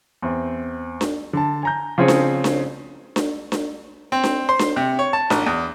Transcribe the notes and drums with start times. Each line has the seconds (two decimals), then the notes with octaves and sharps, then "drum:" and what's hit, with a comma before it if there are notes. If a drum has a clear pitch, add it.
0.22 E2 C4
1.01 drum: snare D4
1.33 D3 A5
1.63 G#5 A#5 G6
1.98 C#3 F3 C4 G#4 C#5
2.08 drum: snare D4
2.44 drum: snare D4
3.16 drum: snare D4
3.52 drum: snare D4
4.12 C4
4.24 drum: snare D4
4.49 C5
4.59 drum: snare D4
4.76 C3
4.99 C#5
5.13 A5
5.30 A1, drum: snare D4
5.46 E2